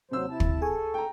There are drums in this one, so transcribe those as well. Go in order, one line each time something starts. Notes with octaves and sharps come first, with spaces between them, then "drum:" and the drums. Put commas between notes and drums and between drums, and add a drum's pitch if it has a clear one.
D#2 C3 F#3 C5 E6
E4 A5
drum: kick
G#4 A4 G#5 C#6
G5 A#5